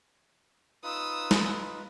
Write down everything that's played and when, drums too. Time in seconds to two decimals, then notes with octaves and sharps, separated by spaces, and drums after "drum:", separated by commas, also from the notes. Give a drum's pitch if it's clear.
0.84 D#4 F4 B4 D#6 E6
1.31 drum: snare